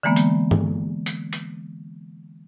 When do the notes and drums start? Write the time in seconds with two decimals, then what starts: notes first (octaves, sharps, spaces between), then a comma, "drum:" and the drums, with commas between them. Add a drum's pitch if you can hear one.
0.03 D3 E3 G#3 A#3 B3
0.16 drum: hi-hat
0.51 drum: tom
1.06 drum: hi-hat
1.33 drum: hi-hat